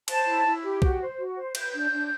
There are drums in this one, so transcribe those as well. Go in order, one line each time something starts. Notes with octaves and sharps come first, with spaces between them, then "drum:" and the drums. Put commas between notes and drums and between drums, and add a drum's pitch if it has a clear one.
C5 A5, drum: cymbal
E4
E4
G4
F#4, drum: kick
C5
F#4
C5
B4 G6, drum: cymbal
D4
D4